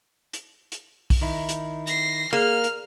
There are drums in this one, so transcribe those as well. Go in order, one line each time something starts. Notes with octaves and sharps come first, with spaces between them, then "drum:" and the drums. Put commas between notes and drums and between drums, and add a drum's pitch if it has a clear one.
drum: hi-hat
drum: hi-hat
drum: kick, open hi-hat
D#3 D#4 E4
drum: hi-hat
A#6 C7, drum: hi-hat
A#3 G#4 F6
drum: hi-hat